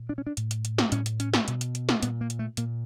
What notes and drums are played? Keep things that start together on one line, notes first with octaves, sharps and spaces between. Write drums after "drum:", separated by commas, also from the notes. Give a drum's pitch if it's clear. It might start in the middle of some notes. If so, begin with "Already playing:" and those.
Already playing: A#2
D4
C#4
D4
A2, drum: hi-hat
drum: hi-hat
drum: hi-hat
drum: snare
A2 C#4, drum: hi-hat
drum: hi-hat
C#4, drum: hi-hat
drum: snare
B2, drum: hi-hat
drum: hi-hat
drum: hi-hat
drum: snare
A#2 B3, drum: hi-hat
A#3
drum: hi-hat
A3
A#2 A#3, drum: hi-hat